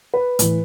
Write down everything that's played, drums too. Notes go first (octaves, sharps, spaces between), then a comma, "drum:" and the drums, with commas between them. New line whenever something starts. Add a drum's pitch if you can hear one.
B4
A2 E3, drum: hi-hat